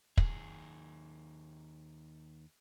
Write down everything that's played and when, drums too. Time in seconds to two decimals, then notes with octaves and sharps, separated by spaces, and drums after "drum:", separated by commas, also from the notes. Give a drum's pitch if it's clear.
0.17 D#2 G#4, drum: kick